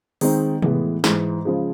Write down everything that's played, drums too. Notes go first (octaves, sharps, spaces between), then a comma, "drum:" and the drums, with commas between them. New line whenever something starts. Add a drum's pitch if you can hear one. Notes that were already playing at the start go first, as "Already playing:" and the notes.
D#3 G#3 C4 D#4, drum: open hi-hat
A2 E3 G#3 B3, drum: tom C3
G#2 E3 G#3, drum: snare
C#3 F3 G#3